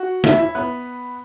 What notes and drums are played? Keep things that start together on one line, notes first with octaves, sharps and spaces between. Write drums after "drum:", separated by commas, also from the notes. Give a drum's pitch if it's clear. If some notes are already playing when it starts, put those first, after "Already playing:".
Already playing: F#4 F#5
E4 E5, drum: snare
E4 E5
B3 B4